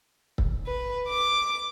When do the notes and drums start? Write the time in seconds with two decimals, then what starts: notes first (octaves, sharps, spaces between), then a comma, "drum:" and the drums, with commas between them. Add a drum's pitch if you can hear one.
0.38 drum: kick
0.67 B4
1.08 D6 D7